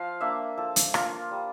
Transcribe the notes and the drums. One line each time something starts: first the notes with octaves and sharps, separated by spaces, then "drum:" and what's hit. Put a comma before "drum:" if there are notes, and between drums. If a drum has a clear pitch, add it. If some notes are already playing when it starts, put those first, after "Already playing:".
Already playing: F3 A#4 F5
A#3 D4 E5
F3 A4
drum: hi-hat
A#3 D4 F4, drum: rim click
G3